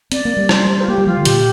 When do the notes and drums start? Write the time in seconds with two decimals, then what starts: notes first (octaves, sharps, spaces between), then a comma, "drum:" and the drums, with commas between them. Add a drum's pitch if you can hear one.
0.12 C4 D5, drum: hi-hat
0.25 A#3
0.37 G3
0.49 C5, drum: rim click
0.81 F4
0.88 A#3 G4
0.98 G3
1.06 F3 F4
1.17 D3
1.25 A#2 G4, drum: hi-hat